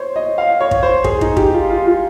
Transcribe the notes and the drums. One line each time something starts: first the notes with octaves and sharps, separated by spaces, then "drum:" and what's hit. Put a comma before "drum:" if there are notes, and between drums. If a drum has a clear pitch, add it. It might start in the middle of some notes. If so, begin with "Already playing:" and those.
Already playing: C5 C#5
D#5
F5
C#5
drum: kick
C5
G#4, drum: kick
D#4, drum: kick
G4, drum: kick
F4
F4
F4